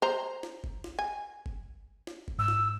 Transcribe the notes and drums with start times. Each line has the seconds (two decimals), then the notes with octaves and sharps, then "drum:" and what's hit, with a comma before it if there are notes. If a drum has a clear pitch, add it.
0.02 C5 A#5
0.43 drum: snare
0.64 drum: kick F#1
0.84 drum: snare
0.99 G#5
1.46 drum: kick F#1
2.07 drum: snare
2.28 drum: kick F#1
2.38 G#2 E6
2.48 drum: snare